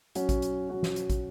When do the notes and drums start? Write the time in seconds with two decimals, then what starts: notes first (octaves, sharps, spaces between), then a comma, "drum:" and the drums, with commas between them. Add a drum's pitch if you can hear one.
0.15 F#3 C#4 F#4, drum: hi-hat
0.29 drum: kick, hi-hat
0.42 drum: hi-hat
0.69 F#3 C#4 F#4
0.83 drum: snare
0.96 drum: hi-hat
1.10 drum: kick, hi-hat